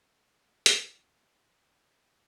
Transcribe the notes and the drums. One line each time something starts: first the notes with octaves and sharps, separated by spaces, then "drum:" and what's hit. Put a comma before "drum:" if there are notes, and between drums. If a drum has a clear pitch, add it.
drum: hi-hat
D#4
F#4 F5